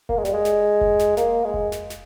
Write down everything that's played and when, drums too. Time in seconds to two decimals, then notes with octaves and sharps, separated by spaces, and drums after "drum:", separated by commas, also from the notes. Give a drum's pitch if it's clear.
0.09 A#3, drum: kick F1
0.17 G#3
0.25 G3, drum: snare
0.34 G#3
0.45 drum: snare
0.81 drum: kick F1
0.99 drum: snare
1.17 A#3, drum: snare
1.44 G#3
1.54 drum: kick F1
1.72 drum: snare
1.90 drum: snare